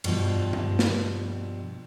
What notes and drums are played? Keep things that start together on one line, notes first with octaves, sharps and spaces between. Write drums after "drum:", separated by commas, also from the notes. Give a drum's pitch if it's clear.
G2 B2 E3 F3 G3, drum: cymbal
drum: tom G2
drum: snare